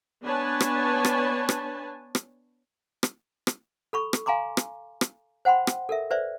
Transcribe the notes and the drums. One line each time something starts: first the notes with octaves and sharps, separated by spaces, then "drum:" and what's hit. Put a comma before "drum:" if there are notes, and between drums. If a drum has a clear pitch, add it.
B3 D4 B4 C#5 G#5 A5
drum: rim click
drum: rim click
drum: rim click
drum: rim click
drum: rim click
drum: rim click
A4 B5 C#6
drum: rim click
F5 G#5 A#5 C6 D6
drum: rim click
drum: rim click
C5 F#5 G5 B5 C6
drum: rim click
A4 A#4 E5
B4 C5 D5 E5